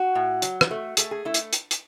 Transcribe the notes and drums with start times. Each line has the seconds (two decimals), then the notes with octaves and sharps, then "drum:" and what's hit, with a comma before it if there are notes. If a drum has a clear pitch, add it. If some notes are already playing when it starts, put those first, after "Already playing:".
Already playing: F#4
0.15 A2
0.42 F#3, drum: hi-hat
0.61 drum: rim click
0.71 A3
0.97 A3 G#4, drum: hi-hat
1.11 G#4
1.25 A3 E4
1.34 drum: hi-hat
1.53 drum: hi-hat
1.71 drum: hi-hat